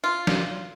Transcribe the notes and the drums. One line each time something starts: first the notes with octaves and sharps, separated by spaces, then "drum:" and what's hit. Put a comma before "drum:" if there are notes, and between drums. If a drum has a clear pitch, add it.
F4
drum: snare